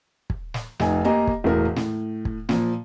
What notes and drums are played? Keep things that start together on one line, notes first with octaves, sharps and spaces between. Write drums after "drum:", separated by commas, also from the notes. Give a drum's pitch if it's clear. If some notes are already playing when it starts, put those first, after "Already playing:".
drum: kick
drum: snare
F1 D#4 G#5, drum: snare
A#3 G4 D#5 G#5 A#5
drum: kick
E1 A2 A#4
A2, drum: snare
drum: kick
A#2 F3, drum: snare